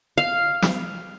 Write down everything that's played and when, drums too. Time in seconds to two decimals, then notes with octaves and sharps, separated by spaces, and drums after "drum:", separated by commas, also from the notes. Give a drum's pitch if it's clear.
0.18 F5
0.62 drum: snare